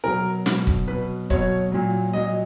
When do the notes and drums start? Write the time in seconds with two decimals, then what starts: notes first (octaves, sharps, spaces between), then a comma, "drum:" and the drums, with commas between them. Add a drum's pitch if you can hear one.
0.04 B2 F#3 A#4
0.46 B2 F#3, drum: snare
0.67 drum: kick C#1
0.88 B2 F#3 B4
1.30 B2 F#3 C#5, drum: kick C#1
1.72 A#2 F#3
2.13 A#2 F#3 D#5